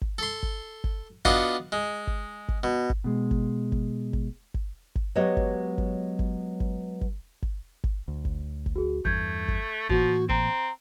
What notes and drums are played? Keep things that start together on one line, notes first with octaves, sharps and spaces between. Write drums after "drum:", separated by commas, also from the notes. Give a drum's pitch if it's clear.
drum: kick G1
A4 C6
drum: kick G1
drum: kick G1
B3 D4 F4 F#4 D#5 F5, drum: kick G1
G#3
drum: kick G1
drum: kick G1
B2
drum: kick G1
B2 G#3
drum: kick G1
drum: kick G1
drum: kick G1
drum: kick G1
drum: kick G1
F#3 G#3 B3 G4 C#5 D#5
drum: kick G1
drum: kick G1
drum: kick G1
drum: kick G1
drum: kick G1
drum: kick G1
drum: kick G1
D2
drum: kick G1
drum: kick G1
F#4 G#4
E2 G2 A3 G6 G#6, drum: kick G1
drum: kick G1
A2 E3 F3 A#3 F#4, drum: kick G1
C4 A#5, drum: kick G1